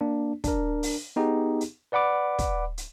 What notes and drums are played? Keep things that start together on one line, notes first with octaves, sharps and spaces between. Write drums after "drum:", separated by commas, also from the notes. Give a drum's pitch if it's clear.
A#3 D4
D4 A#4, drum: kick, hi-hat
drum: open hi-hat
B3 D#4 G4 G#4
drum: hi-hat
B4 D5 F#5 B5 D6
drum: kick, hi-hat
drum: hi-hat